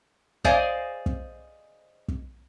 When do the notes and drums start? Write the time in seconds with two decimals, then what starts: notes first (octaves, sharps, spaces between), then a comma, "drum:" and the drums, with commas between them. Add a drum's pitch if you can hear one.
0.45 G#4 C5 D5 D#5 F5 G#5, drum: kick
1.06 drum: kick
2.08 drum: kick